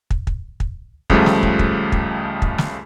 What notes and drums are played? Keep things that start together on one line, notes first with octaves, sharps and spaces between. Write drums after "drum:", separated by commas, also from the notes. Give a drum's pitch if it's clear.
drum: kick
drum: kick
drum: kick
C#2 C#3 F3 G3 A3, drum: kick
drum: snare
drum: kick
drum: kick
drum: kick
drum: kick
drum: snare